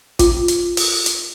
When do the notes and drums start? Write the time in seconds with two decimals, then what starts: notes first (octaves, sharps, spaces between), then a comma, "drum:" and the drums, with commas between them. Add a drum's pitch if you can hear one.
0.19 F4, drum: kick, hi-hat
0.48 drum: hi-hat
0.77 drum: open hi-hat
1.06 drum: hi-hat